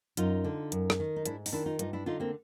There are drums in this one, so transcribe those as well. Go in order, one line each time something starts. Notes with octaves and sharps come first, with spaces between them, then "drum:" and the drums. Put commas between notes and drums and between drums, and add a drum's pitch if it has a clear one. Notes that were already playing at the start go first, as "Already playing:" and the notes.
F#2 D#4 F4, drum: hi-hat
D3
F#2, drum: hi-hat
drum: rim click
D#3
D#4
G#2 D4 E4, drum: hi-hat
D#4, drum: open hi-hat
D#3 D4 E4
D#4 F4
G2 D#4 F4, drum: hi-hat
D4 E4
D3 D#4 F4
A#3 C4